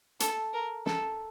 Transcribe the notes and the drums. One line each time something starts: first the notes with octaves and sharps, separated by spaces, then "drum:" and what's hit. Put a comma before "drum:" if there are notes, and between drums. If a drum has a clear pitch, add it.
A4, drum: hi-hat
A#4
A4, drum: snare